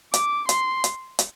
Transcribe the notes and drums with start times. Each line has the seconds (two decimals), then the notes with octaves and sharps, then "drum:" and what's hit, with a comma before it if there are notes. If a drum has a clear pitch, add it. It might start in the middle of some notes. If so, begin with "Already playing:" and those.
0.14 D6, drum: hi-hat
0.49 C6, drum: hi-hat
0.84 drum: hi-hat
1.19 drum: hi-hat